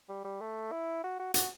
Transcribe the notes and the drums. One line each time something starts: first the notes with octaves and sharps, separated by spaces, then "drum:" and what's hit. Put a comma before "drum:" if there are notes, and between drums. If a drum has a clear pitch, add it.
G3
G3
A3
E4
F#4
F#4
F#4, drum: hi-hat